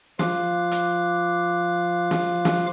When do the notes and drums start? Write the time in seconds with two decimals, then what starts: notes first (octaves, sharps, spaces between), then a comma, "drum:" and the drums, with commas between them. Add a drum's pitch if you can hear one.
0.19 F3 F4 F5 D6 F#6, drum: snare
0.71 drum: hi-hat
2.11 drum: snare
2.45 drum: snare